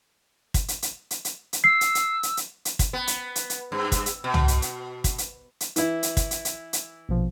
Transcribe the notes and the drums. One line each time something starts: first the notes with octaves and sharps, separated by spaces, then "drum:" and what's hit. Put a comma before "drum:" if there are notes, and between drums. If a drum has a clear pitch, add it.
drum: kick, hi-hat
drum: hi-hat
drum: hi-hat
drum: hi-hat
drum: hi-hat
drum: hi-hat
E6 C7
drum: hi-hat
drum: hi-hat
drum: hi-hat
drum: hi-hat
drum: hi-hat
drum: kick, hi-hat
B3
drum: hi-hat
drum: hi-hat
drum: hi-hat
G2
drum: kick, hi-hat
drum: hi-hat
B2
drum: tom
drum: hi-hat
drum: hi-hat
drum: kick, hi-hat
drum: hi-hat
drum: hi-hat
E3 E4, drum: hi-hat
drum: hi-hat
drum: kick, hi-hat
drum: hi-hat
drum: hi-hat
drum: hi-hat
A#1 B2 F3